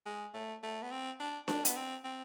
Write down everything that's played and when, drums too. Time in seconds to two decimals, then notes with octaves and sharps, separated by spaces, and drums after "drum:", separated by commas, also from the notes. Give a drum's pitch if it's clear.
0.06 G#3
0.34 A3
0.63 A3
0.82 B3
0.91 C4
1.20 D4
1.48 D4, drum: snare D4
1.65 B3, drum: hi-hat
1.76 C4
2.05 C4